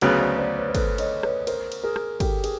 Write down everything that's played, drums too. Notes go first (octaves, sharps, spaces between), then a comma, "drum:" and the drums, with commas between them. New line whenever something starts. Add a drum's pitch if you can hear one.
D2 C#3 F#3 B3 B4 C#5, drum: cymbal
C5 D5
C5 D5
B4 C#5
C5
A4 B4, drum: kick, cymbal
C#5 D#5, drum: cymbal
B4 C#5, drum: rim click
A#4 C5, drum: cymbal
drum: cymbal
G#4 A#4
drum: rim click
G4 A4, drum: kick, cymbal
G#4, drum: cymbal